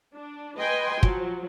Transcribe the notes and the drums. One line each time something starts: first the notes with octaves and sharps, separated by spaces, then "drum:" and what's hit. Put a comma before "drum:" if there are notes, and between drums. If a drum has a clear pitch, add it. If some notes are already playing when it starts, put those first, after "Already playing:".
D4
B4 D#5 G5 G#5 C6
F3 F#3, drum: kick